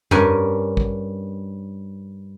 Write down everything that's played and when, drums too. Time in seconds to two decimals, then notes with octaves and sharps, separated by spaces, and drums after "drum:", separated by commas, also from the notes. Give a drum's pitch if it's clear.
0.11 G2 C#4 G4 A#4 G#5, drum: tom F2
0.77 drum: kick